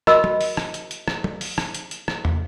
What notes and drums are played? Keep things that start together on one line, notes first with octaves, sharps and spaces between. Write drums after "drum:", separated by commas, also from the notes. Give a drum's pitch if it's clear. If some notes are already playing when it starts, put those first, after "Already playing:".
F#4 A#4 D#5 B5 E6, drum: rim click
drum: tom
drum: open hi-hat
drum: rim click
drum: hi-hat
drum: hi-hat
drum: rim click
drum: tom
drum: open hi-hat
drum: rim click
drum: hi-hat
drum: hi-hat
drum: rim click
drum: tom